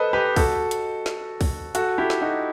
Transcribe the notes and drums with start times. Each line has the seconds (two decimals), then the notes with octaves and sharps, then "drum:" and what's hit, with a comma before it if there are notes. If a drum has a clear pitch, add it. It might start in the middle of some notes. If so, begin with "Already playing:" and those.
Already playing: A4 B4 C5 D#5
0.13 G4 B4
0.36 F#4 A4, drum: kick, open hi-hat
0.71 drum: hi-hat
1.06 drum: snare
1.41 drum: kick, open hi-hat
1.75 F#4 A4, drum: hi-hat
1.98 E4 G4
2.10 drum: snare
2.21 D#4 F#4